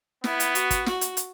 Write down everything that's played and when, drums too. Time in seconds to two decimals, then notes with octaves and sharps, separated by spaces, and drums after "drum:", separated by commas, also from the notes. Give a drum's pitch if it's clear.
0.24 B3 E4, drum: snare
0.40 drum: hi-hat
0.55 F#4, drum: hi-hat
0.71 drum: kick, hi-hat
0.86 F#4, drum: snare
1.01 drum: hi-hat
1.17 drum: hi-hat